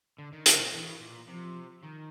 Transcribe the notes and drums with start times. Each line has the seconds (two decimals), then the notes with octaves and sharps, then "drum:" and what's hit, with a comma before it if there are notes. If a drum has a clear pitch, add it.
0.18 D3
0.33 D#3
0.46 D3, drum: hi-hat
0.60 B2
0.73 B2 E3
1.01 A#2
1.28 C3 F3
1.83 D#3